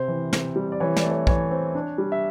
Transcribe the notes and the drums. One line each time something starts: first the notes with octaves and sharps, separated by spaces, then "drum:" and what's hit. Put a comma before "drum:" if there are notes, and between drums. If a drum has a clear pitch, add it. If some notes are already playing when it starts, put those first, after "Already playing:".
Already playing: C3 C4 C5
E3
C3, drum: snare
G3
D5
E3 C#5
D5, drum: snare
A3
C#5
E3 C#5, drum: kick
C4
D4
G3
E5